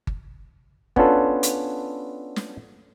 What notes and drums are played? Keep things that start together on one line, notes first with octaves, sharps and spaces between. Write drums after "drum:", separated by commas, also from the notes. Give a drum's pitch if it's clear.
drum: kick G1
B3 C#4 D4 F4 A4 B4, drum: kick G1
drum: hi-hat
drum: snare